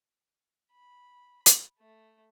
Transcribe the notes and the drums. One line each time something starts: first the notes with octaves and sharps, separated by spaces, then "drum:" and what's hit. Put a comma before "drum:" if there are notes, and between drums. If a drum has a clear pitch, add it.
B5
drum: hi-hat
A3